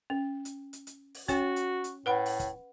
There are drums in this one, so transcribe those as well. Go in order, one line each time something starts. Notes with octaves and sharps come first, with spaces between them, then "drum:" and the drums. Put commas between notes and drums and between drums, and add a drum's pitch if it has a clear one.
C#4
drum: hi-hat
drum: hi-hat
drum: hi-hat
drum: open hi-hat
C#4 F#4 C#5 G#5, drum: kick, hi-hat
drum: hi-hat
drum: hi-hat
A2 B4 F#5 B5
drum: open hi-hat
drum: kick, hi-hat